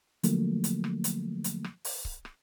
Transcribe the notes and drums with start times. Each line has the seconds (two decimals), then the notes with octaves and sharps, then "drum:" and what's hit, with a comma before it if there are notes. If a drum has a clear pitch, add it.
0.23 D3 F3 F#3 A3 A#3, drum: hi-hat
0.64 drum: hi-hat
0.84 drum: rim click
1.04 drum: hi-hat
1.44 drum: hi-hat
1.64 drum: rim click
1.85 drum: open hi-hat
2.05 drum: kick C#1
2.25 drum: rim click